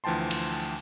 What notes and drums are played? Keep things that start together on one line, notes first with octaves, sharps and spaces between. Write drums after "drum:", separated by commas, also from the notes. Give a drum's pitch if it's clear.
D2 E3 F3 G5 A5 C6
drum: cymbal